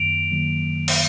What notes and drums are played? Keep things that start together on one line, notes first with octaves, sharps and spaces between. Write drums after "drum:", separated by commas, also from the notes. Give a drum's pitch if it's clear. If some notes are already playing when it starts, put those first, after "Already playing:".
Already playing: F#2 D#3 F#3 A#3 D7 F7
D#3 F#3 A#3
drum: cymbal